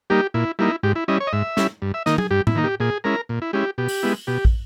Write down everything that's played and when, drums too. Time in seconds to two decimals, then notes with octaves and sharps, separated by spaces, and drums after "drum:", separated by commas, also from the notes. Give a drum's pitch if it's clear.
0.10 G3 A#3 D#4 G4
0.34 A#2 E4
0.59 G3 A#3 D#4 E4
0.83 G#2 G4
0.95 E4
1.08 G3 C#4 E4 D#5
1.20 C#5
1.27 D#5
1.33 G#2 E5
1.57 G3 C#4 E4, drum: snare
1.82 G2
1.94 E5
2.06 D#3 A#3 D#4 D#5, drum: snare
2.18 G#4, drum: tom
2.31 G2 G4
2.47 E4, drum: tom A2
2.55 D#3 A#3 D#4
2.64 G4
2.80 A#2 G#4
3.04 G#3 C#4 E4 A#4
3.29 A#2
3.42 E4
3.53 G#3 C#4 E4 G4
3.78 B2 G4
3.88 drum: open hi-hat
4.03 G#3 B3 E4
4.27 B2 G4
4.45 drum: kick